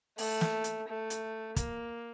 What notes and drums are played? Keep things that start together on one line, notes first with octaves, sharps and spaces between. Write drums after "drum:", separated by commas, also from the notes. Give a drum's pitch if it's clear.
A3, drum: open hi-hat
drum: snare
drum: hi-hat
A3
drum: hi-hat
A#3, drum: kick, hi-hat